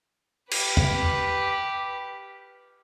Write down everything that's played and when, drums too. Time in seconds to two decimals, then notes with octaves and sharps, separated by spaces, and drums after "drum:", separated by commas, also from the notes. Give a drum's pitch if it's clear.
0.51 G4 B4, drum: cymbal
0.77 drum: tom